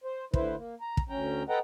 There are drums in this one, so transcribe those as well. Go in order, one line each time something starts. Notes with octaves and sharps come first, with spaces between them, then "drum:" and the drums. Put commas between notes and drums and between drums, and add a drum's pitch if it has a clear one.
C5
A2 D3 E4 B4 C5, drum: kick
A#3
A#5
drum: kick
D2 C#4 G5 A#5
A4 B4 D#5 F#5 G5 A#5